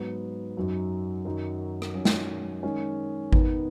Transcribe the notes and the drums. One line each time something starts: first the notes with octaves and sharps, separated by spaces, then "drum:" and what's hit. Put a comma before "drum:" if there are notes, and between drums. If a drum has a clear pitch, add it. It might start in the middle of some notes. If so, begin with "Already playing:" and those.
Already playing: G#2 F#3 B3
F#2 F#3 D#4
F#2 D#3 F#3 D#4
drum: rim click
D#3 F#3 C#4
drum: snare
D#3 G#3 C#4
D#3 B3 D#4, drum: kick G#1